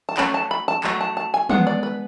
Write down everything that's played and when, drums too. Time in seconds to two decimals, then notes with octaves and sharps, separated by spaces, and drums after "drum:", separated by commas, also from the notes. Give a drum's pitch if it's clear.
0.09 A5
0.17 F#3 A3 C#4 B5, drum: clap
0.34 A5
0.51 B5
0.68 A5
0.84 F#3 A3, drum: clap
1.01 A5
1.17 A5
1.34 G#5
1.49 G#3 B3 D4 F#5, drum: tom
1.67 D5
1.83 B4